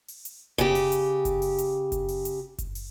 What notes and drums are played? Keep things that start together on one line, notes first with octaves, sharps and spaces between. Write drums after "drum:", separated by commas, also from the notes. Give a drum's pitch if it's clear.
drum: open hi-hat
drum: hi-hat
C#3 G4, drum: kick F#1, hi-hat
drum: open hi-hat
drum: hi-hat
drum: kick F#1, hi-hat
drum: open hi-hat
drum: hi-hat
drum: kick F#1, hi-hat
drum: open hi-hat
drum: hi-hat
drum: kick F#1, hi-hat
drum: open hi-hat